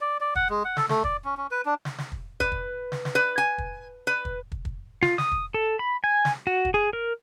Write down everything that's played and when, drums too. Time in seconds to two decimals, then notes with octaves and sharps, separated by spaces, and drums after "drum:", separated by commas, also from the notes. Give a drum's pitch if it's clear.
0.01 D5
0.21 D5
0.36 F#5, drum: kick
0.50 G#3
0.65 F#5
0.77 A4, drum: snare
0.89 A3, drum: snare
1.04 D5, drum: kick
1.25 C#4
1.37 C#4
1.51 B4
1.66 D4
1.85 drum: snare
1.98 drum: snare
2.12 drum: kick
2.40 B4, drum: kick
2.52 drum: kick
2.92 drum: snare
3.05 drum: snare
3.15 B4
3.38 G#5
3.58 drum: kick
4.07 B4
4.25 drum: kick
4.52 drum: kick
4.65 drum: kick
5.03 F4, drum: snare
5.18 D#6, drum: snare
5.32 drum: kick
5.54 A4
5.79 B5
6.04 G#5
6.25 drum: snare
6.47 F#4
6.65 drum: kick
6.74 G#4
6.93 A#4